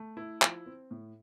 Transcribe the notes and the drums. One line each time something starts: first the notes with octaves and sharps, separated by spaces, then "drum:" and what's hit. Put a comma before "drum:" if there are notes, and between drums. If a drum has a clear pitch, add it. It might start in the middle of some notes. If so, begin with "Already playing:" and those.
Already playing: A3
E4
F3, drum: clap
C4
A2